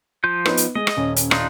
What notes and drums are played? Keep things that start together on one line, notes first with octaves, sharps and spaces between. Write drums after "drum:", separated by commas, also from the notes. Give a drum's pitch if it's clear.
F3 F4 G6
B3 D#4 B4, drum: rim click
drum: hi-hat
G#3 D#5
drum: rim click
D#1 C#4
drum: hi-hat
D4 D#4 F4, drum: rim click